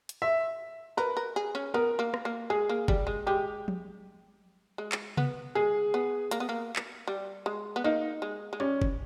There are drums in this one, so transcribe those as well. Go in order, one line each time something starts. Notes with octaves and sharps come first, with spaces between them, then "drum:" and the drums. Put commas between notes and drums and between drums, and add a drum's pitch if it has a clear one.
drum: hi-hat
E5
A#4 B4
A#4
G#4
C#4
B3 A#4
A#3
drum: rim click
A#3
G#3 G#4
A#3
G3, drum: kick
G#3
G#3 G4
drum: tom F3
G#3
drum: clap
B3, drum: tom C3
G#3 G#4
B3
A#3, drum: hi-hat
B3
A#3
drum: clap
G3
G#3
B3
A#3 D#4
G#3
G#3
G3 C#4
drum: kick